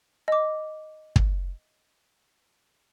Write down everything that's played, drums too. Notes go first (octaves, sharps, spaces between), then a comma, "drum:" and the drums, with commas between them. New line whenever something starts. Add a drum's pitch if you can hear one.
D#5 D6
drum: kick